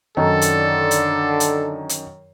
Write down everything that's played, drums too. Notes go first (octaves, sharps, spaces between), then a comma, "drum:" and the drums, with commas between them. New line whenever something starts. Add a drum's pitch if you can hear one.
F#2 D3 D#3 D#4 A4
drum: hi-hat
drum: hi-hat
drum: hi-hat
drum: hi-hat